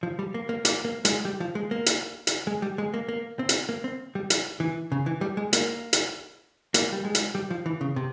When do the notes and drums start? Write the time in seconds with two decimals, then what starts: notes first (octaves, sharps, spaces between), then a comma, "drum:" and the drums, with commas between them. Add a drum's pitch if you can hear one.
0.03 F3
0.19 G3
0.34 A#3
0.49 A#3
0.65 A#3, drum: hi-hat
0.85 A#3
1.05 G#3, drum: hi-hat
1.25 G3
1.40 F3
1.55 G#3
1.71 A#3
1.86 drum: hi-hat
2.27 drum: hi-hat
2.47 G#3
2.62 G3
2.78 G#3
2.94 A#3
3.09 A#3
3.39 C4
3.49 drum: hi-hat
3.69 A#3
3.84 C4
4.15 G3
4.30 drum: hi-hat
4.60 E3
4.92 C#3
5.06 E3
5.21 G3
5.37 G#3
5.53 A#3, drum: hi-hat
5.93 drum: hi-hat
6.74 A#3, drum: hi-hat
6.92 G3
7.05 G#3
7.15 drum: hi-hat
7.35 G3
7.50 F3
7.66 E3
7.81 C#3
7.96 C3